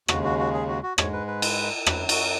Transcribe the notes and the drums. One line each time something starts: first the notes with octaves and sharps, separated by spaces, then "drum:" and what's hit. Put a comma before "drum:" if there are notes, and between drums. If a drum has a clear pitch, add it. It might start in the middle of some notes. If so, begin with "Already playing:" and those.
D#2 C#3 G#3 F#4, drum: rim click
F#4
F#4
G#4
F#4
F#4
G#2 G#3 C#5, drum: rim click
B4
B4
drum: cymbal
F#2 F#3 B4, drum: rim click
F#4, drum: cymbal